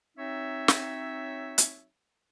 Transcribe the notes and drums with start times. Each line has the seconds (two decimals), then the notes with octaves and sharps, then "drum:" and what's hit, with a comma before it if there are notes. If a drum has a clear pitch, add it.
0.18 F#3 C4 D#4 C#5 E5
0.68 drum: snare
1.58 drum: hi-hat